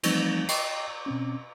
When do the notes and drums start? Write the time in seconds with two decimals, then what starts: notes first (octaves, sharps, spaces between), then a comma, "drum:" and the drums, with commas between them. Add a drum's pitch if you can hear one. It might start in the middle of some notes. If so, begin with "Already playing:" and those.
0.03 E3 F3 G3 A3 C4 D#4, drum: cymbal
0.49 D#5 G5 C7, drum: cymbal
1.06 B2 C4 C#4